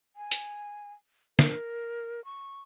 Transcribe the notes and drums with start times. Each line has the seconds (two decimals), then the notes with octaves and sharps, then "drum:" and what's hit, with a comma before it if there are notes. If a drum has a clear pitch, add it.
0.16 G#5
0.31 drum: hi-hat
1.39 A#4, drum: snare
2.25 C#6